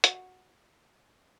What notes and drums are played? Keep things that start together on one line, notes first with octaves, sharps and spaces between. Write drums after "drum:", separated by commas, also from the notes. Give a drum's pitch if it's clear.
F#4, drum: hi-hat